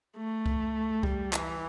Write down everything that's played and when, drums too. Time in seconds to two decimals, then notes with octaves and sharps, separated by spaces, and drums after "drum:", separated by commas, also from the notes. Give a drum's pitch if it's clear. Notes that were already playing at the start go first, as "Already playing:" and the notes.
0.17 A3
0.46 drum: kick C2
1.03 G3, drum: kick C2
1.33 E3, drum: clap